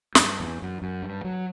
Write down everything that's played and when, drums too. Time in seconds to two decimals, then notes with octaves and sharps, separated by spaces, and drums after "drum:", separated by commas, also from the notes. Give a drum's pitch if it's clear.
0.15 F#2, drum: snare
0.19 G2
0.40 E2
0.62 F#2
0.82 F#2
1.03 G2
1.24 F#3